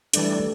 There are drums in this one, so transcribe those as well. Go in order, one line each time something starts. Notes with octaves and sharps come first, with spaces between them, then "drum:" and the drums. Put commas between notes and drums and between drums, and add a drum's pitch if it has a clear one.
E3 G3 A3 D4, drum: hi-hat